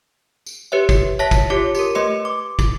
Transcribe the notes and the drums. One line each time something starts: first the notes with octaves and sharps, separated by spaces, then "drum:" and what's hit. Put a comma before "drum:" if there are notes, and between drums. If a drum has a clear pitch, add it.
drum: tambourine
G4 B4 C#5 E5
drum: kick, tambourine
C#5 E5 A5 A#6 B6
drum: kick, tambourine
F4 G4 C#5 D6
G4 A#4, drum: tambourine
A3 B4 D#5 C6 C#7
D6
drum: kick, tambourine